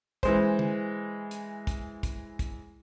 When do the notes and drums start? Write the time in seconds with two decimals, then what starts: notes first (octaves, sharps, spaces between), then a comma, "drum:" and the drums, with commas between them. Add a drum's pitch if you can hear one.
0.23 E3 G#3 C5, drum: kick, hi-hat
0.59 drum: tom
1.31 drum: hi-hat
1.67 drum: kick, hi-hat
2.03 drum: kick, hi-hat
2.39 drum: kick, hi-hat